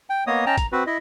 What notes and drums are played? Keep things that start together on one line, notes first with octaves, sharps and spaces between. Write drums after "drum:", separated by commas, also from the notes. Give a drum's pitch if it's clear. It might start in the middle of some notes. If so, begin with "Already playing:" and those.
G5
A#3 B3 C#5 D#5 D#6
C#4 D#5 G5 A5 A#5
A#5, drum: kick, hi-hat
C4 F#4 B4
E4 D#5